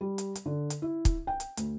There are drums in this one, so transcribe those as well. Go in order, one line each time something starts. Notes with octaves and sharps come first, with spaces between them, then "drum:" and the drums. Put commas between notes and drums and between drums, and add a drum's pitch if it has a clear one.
G3
drum: hi-hat
drum: hi-hat
D3
drum: hi-hat
E4
drum: kick, hi-hat
G5
drum: hi-hat
D2, drum: hi-hat